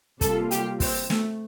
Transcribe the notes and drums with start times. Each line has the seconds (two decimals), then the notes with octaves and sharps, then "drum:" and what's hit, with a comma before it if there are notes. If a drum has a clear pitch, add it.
0.21 C3 G3 A#3 F4 A4, drum: kick, hi-hat
0.51 G4, drum: hi-hat
0.80 C4, drum: kick, open hi-hat
1.10 A3, drum: snare